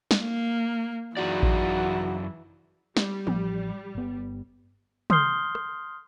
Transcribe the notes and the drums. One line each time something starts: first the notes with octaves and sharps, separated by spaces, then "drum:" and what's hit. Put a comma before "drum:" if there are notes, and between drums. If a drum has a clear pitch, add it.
drum: snare
A#3
F#2 E3 D#4 F4 F#4 G#4 D5
drum: kick A1
G3, drum: snare
A1 F3, drum: tom
G1 B3
C6 D#6 F6 G6 C7 G7, drum: tom
drum: rim click